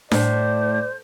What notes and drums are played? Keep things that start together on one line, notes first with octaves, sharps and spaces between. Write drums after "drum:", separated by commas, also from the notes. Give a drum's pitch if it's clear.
A2 C5 D5, drum: snare D4